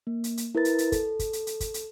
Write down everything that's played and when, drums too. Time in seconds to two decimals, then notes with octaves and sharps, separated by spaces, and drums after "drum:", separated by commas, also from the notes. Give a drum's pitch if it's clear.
0.07 A#3
0.24 drum: hi-hat
0.37 drum: hi-hat
0.55 E4 A#4 B4 A6
0.65 drum: hi-hat
0.78 drum: hi-hat
0.92 A4, drum: kick, hi-hat
1.19 drum: kick, hi-hat
1.33 drum: hi-hat
1.47 drum: hi-hat
1.60 drum: kick, hi-hat
1.74 drum: hi-hat